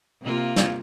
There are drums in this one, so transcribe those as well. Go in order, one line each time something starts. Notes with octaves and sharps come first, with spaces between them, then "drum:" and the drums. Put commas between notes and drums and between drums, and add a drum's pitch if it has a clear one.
C3 A#3 F4
drum: snare